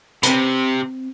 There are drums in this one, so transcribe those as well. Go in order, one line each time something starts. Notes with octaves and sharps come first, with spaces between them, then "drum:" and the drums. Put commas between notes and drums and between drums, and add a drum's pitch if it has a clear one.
C3 C4 B4 B5, drum: hi-hat